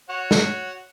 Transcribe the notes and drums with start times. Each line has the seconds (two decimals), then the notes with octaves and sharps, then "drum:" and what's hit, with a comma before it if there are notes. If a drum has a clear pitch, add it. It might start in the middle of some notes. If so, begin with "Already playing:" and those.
0.09 F#4 C#5 F#5
0.31 drum: snare